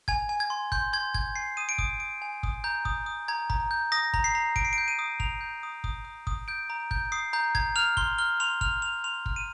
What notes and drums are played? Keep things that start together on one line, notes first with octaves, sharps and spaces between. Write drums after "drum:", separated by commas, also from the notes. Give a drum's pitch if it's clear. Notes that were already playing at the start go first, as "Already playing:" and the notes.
G#5 G#6, drum: kick
G#5
G#6
C6
C6 G6, drum: kick
C6 G#6
G6 G#6, drum: kick
G#5 C7
D#6 D#7
D7
D#6, drum: kick
D#6 D7
G#5
D#6, drum: kick
A#5 G6
D#6, drum: kick
D#6
A#5 G#6
A#5, drum: kick
G6
D#6 A#6
A#5, drum: kick
C7
A#5
A#5 D7, drum: kick
C7
D7
G6
D#7
D#6
A#5 F7, drum: kick
G6
D#6
D#6, drum: kick
D#6
D#6, drum: kick
G6 D7
A#5
G6, drum: kick
D#6 C7
A#5 G6
A#5 G#6, drum: kick
F6 F7
C6 G7, drum: kick
F6 G7
C6 F7
F6 F7, drum: kick
F6 F7
C6 F7
F6, drum: kick
D#7